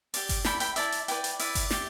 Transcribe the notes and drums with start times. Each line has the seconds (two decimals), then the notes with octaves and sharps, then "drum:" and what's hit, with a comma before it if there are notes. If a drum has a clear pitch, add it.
0.14 G4 D5, drum: open hi-hat
0.29 drum: kick G1, open hi-hat
0.45 E4 A4 D5 G5 B5, drum: snare
0.60 G5 B5, drum: hi-hat
0.76 E4 A4 D5 E5 A5, drum: hi-hat
0.92 drum: hi-hat
1.08 E4 B4 D5 G5, drum: hi-hat
1.24 drum: hi-hat
1.39 E4 B4 D5 E5, drum: open hi-hat
1.55 drum: kick G1, open hi-hat
1.70 G4 D5, drum: snare